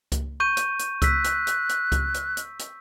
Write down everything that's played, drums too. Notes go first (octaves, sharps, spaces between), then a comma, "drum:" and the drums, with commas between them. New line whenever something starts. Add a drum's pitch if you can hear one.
drum: kick C#2, hi-hat
C#6 G6 D#7
drum: hi-hat
drum: hi-hat
E6 F#6 B6, drum: kick C#2, hi-hat
drum: hi-hat
drum: hi-hat
drum: hi-hat
drum: kick C#2, hi-hat
drum: hi-hat
drum: hi-hat
drum: hi-hat